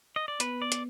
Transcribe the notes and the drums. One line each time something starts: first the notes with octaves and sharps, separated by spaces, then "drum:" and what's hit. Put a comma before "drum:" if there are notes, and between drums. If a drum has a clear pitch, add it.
D#5
D5
B3 B4, drum: hi-hat
D5
drum: hi-hat